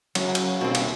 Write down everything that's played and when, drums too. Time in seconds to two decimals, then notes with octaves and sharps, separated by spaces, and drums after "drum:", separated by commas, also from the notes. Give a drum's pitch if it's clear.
0.15 F#2 C#3 F#3, drum: cymbal
0.35 drum: cymbal
0.61 D#1 B2 C4
0.75 drum: cymbal